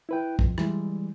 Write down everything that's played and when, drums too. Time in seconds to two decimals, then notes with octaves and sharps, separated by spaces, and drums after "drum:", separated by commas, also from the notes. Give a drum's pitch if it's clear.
0.09 E4 B4 G5
0.39 F2, drum: kick
0.58 E3 G3 G#3, drum: rim click